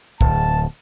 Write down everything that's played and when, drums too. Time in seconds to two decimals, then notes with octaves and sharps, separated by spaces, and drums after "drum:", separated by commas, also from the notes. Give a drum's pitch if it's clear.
0.21 D1 A5, drum: kick